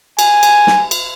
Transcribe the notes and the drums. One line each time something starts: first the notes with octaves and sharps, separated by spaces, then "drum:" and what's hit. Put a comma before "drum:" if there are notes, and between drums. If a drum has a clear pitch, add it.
G#5, drum: cymbal
drum: cymbal
drum: snare
drum: cymbal